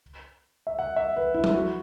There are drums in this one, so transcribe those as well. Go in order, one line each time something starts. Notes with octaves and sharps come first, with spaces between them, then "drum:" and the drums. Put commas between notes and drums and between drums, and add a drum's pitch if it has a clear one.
E5
F#5
E5
B4
E4
drum: tom F3
F#4